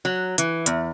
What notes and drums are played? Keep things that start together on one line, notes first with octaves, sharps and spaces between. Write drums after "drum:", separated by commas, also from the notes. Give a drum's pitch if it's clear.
F#3
E3, drum: hi-hat
E2, drum: hi-hat